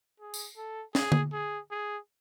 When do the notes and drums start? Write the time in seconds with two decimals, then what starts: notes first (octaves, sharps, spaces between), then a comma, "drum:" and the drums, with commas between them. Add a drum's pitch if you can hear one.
0.20 G#4
0.34 drum: tambourine
0.57 A4
0.95 G#4, drum: snare
1.12 drum: tom D3
1.33 G#4
1.71 G#4